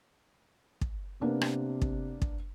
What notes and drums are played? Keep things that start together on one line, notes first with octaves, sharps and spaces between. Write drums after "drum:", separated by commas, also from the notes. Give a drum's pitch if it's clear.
drum: kick
C3 A#3 B3 D4
drum: rim click
drum: kick
drum: kick